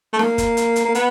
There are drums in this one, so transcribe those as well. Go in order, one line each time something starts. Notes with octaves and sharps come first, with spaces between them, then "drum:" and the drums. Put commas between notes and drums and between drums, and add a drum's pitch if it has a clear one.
A3
A#3, drum: snare
drum: kick, hi-hat
drum: hi-hat
drum: hi-hat
A#3
B3, drum: hi-hat